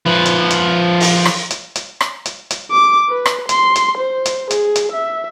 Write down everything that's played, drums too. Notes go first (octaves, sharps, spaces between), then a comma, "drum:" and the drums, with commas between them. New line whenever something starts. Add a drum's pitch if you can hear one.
F3 B4
drum: hi-hat
drum: hi-hat
drum: open hi-hat
drum: rim click
drum: hi-hat
drum: hi-hat
drum: rim click
drum: hi-hat
drum: hi-hat
D6
B4
drum: rim click
C6, drum: hi-hat
drum: hi-hat
C5
drum: hi-hat
G#4, drum: hi-hat
drum: hi-hat
E5